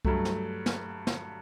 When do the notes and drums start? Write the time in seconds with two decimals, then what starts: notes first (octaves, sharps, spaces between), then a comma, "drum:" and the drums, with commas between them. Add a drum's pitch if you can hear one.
0.05 G2 F#3 A3, drum: kick C2
0.25 drum: snare
0.66 drum: snare
1.07 drum: snare